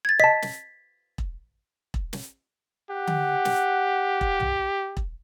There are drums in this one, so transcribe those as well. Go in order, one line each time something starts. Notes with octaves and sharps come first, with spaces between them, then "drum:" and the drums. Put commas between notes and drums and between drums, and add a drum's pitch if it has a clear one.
G#6 A6
D#5 A5 B6
drum: snare
drum: kick E1
drum: kick E1
drum: snare
G4 F#5
drum: tom D3
drum: snare
drum: kick E1
drum: tom
drum: kick E1